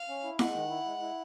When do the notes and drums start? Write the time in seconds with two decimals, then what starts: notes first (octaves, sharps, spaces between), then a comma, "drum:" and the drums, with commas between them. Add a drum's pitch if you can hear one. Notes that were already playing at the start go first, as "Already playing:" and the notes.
Already playing: F5
0.09 C#4
0.24 E4
0.39 G#3 F#5, drum: snare E4
0.54 D#3
0.70 E4
0.86 G#3
1.01 E4